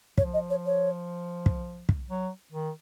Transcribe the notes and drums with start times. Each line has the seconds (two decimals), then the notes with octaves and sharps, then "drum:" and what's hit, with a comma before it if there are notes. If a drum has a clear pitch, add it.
0.18 F3 C#5, drum: kick
0.34 D#5
0.50 C#5
0.66 C#5
1.46 drum: kick
1.89 drum: kick
2.10 F#3
2.52 D#3